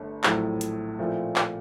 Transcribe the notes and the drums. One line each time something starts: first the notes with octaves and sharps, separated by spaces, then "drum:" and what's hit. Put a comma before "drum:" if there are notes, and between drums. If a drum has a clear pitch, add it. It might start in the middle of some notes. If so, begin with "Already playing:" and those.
Already playing: G1 D3 A3
A#1 A2 F#3 A3 C4, drum: clap
drum: hi-hat
A#2 F3 A3 C4 E4
drum: clap